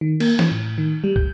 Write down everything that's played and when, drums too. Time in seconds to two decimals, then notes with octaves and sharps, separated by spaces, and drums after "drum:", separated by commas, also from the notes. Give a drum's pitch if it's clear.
0.01 D#3
0.20 A#3, drum: cymbal
0.39 E3, drum: snare
0.51 A2
0.78 D#3
1.04 G3
1.16 G6, drum: kick